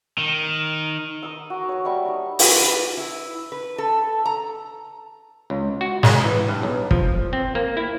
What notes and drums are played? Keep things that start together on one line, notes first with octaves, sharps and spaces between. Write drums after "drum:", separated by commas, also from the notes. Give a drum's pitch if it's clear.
D#3
A#4 D#6 E6
F#4 A#5
C#5 A#5
G3 E5 A5 C#6
D#4 A#4
drum: open hi-hat
B4
E4
B4
A4
A#5
C#2
F#4
G#3, drum: snare
E3
G2
B1
F3, drum: kick
C4
A#3
E4